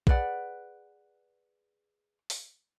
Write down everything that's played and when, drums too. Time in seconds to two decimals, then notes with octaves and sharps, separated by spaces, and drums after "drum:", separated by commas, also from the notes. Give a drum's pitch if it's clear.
0.07 G#4 B4 D5 F#5, drum: kick
2.30 drum: open hi-hat